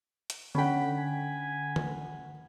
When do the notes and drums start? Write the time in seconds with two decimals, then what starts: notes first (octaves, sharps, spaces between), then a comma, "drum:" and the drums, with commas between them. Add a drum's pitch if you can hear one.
0.30 drum: hi-hat
0.55 D3 C#4 F#5 G5 B5 B6
0.98 G#5
1.76 drum: tom D3